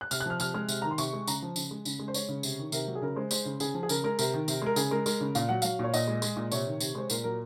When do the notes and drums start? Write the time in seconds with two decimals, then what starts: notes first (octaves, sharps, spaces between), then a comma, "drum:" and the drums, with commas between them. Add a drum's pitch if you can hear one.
0.01 F#6
0.11 C3 F6, drum: tambourine
0.20 F#6
0.26 F3 F6
0.40 C3 F6, drum: tambourine
0.54 G#3 F6
0.68 C3, drum: tambourine
0.82 D#3 A#5
0.91 C6
0.98 C3 C#6, drum: tambourine
1.13 G#3
1.27 C#3 A#5, drum: tambourine
1.42 F3
1.56 C#3, drum: tambourine
1.71 G#3
1.85 C#3, drum: tambourine
1.99 G#3
2.08 C5
2.14 G#3 C#5, drum: tambourine
2.29 C#3
2.43 C3, drum: tambourine
2.59 D#3
2.72 C3 A#4, drum: tambourine
2.88 F#3
2.95 G#4
3.02 C#3 A#4
3.16 G#3 C5
3.31 G#3 C5, drum: tambourine
3.45 C#3
3.60 C#3 G#4, drum: tambourine
3.74 F3
3.83 G#4
3.89 C#3 A#4, drum: tambourine
4.04 G#3 A#4
4.19 C3 A#4, drum: tambourine
4.34 D#3
4.48 C3, drum: tambourine
4.62 G#3 A#4
4.76 C#3 G#4, drum: tambourine
4.91 G#3 A#4
5.06 G#3 A#4, drum: tambourine
5.21 C#3
5.35 A#2 F5, drum: tambourine
5.49 F#3 F#5
5.62 F#3 F5, drum: tambourine
5.79 A#2 C#5
5.94 A#2 D#5, drum: tambourine
6.07 G#3
6.22 G#3, drum: tambourine
6.36 A#2
6.52 C3 C#5, drum: tambourine
6.67 D#3
6.80 C3, drum: tambourine
6.95 G#3 C5
7.10 A#2 A#4, drum: tambourine
7.24 F#3 A#4